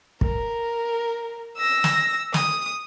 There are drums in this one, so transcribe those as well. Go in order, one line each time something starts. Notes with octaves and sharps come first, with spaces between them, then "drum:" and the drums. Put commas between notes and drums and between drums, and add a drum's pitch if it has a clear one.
A#4, drum: kick
E6 A#6
drum: snare
D#6, drum: snare